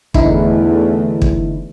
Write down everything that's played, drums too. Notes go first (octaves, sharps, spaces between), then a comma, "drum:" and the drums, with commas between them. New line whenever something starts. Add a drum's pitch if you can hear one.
E2 D3 A3 D#4 E4, drum: kick
drum: kick